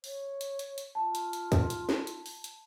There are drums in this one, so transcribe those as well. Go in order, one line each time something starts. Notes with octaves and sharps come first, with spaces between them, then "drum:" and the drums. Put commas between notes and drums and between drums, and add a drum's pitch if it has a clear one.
C#5, drum: open hi-hat
drum: hi-hat
drum: hi-hat
drum: hi-hat
F4 A5
drum: hi-hat
drum: hi-hat
drum: kick, hi-hat
drum: hi-hat
drum: snare
drum: hi-hat
drum: open hi-hat
drum: hi-hat